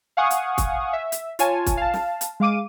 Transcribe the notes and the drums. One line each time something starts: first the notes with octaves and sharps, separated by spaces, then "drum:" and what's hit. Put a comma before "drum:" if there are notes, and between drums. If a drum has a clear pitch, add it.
F5 F#5 G#5 C#6 D#6
drum: hi-hat
drum: kick, hi-hat
E5
drum: hi-hat
F4 C#5 G#5 A5, drum: hi-hat
drum: kick, hi-hat
F5 A5
drum: snare
drum: hi-hat
G#3 F5 D6 D#7